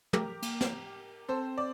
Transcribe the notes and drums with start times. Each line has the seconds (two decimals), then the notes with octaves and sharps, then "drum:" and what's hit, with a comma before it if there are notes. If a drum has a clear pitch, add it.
0.13 A3 G4 A#4, drum: tom
0.42 A#3, drum: cymbal
0.61 drum: snare
1.28 C4 A4 C5
1.58 D5